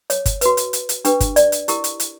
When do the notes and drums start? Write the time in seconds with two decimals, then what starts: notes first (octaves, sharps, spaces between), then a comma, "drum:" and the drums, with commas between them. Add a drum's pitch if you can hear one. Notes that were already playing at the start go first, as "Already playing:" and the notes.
0.10 C#5, drum: hi-hat
0.26 drum: kick G1, hi-hat
0.41 F#4 B4, drum: hi-hat
0.57 drum: hi-hat
0.73 drum: hi-hat
0.89 drum: hi-hat
1.05 D4 G4 B4, drum: hi-hat
1.20 drum: kick G1, hi-hat
1.36 D5, drum: hi-hat
1.52 drum: hi-hat
1.68 E4 G4 A#4, drum: hi-hat
1.84 drum: hi-hat
2.00 drum: hi-hat